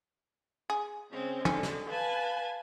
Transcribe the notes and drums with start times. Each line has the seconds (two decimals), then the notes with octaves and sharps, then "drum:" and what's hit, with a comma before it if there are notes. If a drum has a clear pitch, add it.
0.70 G#4
1.11 C#3 G#3 C4
1.45 D3 G#3 C#4, drum: tom
1.63 drum: snare
1.89 B4 F5 G#5 A5